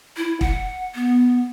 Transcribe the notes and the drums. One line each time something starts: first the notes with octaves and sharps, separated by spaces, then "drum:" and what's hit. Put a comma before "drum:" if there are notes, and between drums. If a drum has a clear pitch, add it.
E4
F#5, drum: kick E1
B3